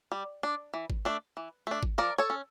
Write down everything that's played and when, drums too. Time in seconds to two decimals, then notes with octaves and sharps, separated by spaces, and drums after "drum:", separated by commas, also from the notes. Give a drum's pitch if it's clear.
0.12 G3
0.43 D4
0.74 E3
0.90 drum: kick G#1
1.05 A3 D4
1.37 E3
1.67 A3 D4
1.83 drum: kick G#1
1.98 F3 A#4 D5
2.18 A4 C#5
2.30 C#4